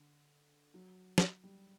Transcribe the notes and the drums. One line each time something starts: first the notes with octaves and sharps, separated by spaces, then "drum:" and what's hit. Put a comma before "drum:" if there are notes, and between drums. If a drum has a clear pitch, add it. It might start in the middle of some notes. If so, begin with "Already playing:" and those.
Already playing: D3
F#3
drum: snare
G3